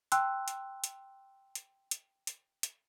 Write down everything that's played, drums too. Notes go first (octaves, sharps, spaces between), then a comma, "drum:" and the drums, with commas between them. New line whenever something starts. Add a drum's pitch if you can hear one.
G5 A5 C6 E6 F#6, drum: hi-hat
drum: hi-hat
drum: hi-hat
drum: hi-hat
drum: hi-hat
drum: hi-hat
drum: hi-hat